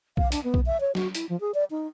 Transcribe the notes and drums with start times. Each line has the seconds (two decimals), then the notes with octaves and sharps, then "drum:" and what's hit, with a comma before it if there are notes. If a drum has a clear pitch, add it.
0.17 F5, drum: kick B1
0.32 D4, drum: hi-hat
0.44 B3
0.54 drum: kick B1
0.66 E5
0.80 C#5
0.95 F#4, drum: snare
1.15 E4, drum: hi-hat
1.29 F3
1.41 G#4
1.54 D5
1.70 D#4